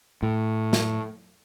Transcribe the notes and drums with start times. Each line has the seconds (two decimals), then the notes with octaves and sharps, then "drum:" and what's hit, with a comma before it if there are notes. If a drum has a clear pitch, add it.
0.23 A2
0.73 drum: snare